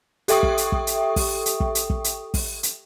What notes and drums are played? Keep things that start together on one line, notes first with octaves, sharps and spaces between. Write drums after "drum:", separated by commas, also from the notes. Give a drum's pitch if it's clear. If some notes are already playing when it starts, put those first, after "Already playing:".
G4 A4 E5 G5 C#6 D#6, drum: hi-hat
drum: kick
drum: hi-hat
drum: kick
drum: hi-hat
drum: kick, open hi-hat
drum: hi-hat
drum: kick
drum: hi-hat
drum: kick
drum: hi-hat
drum: kick, open hi-hat
drum: hi-hat